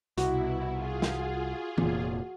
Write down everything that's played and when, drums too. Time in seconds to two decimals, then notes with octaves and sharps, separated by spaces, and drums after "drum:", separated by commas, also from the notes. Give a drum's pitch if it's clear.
0.18 C2 B2 E4 F#4, drum: hi-hat
0.73 F4 G#4
1.02 drum: snare
1.78 F1 A#2, drum: tom